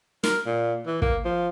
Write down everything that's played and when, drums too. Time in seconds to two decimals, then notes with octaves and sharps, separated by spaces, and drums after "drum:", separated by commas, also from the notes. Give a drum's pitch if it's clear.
0.24 A#4, drum: snare
0.46 A#2
0.86 E3
1.02 A#3, drum: kick
1.25 F3